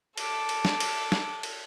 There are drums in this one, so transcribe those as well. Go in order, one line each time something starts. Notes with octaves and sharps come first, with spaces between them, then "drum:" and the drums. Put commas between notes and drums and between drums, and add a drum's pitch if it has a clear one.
A4 D6, drum: cymbal
drum: cymbal
drum: snare
drum: cymbal
drum: snare
drum: cymbal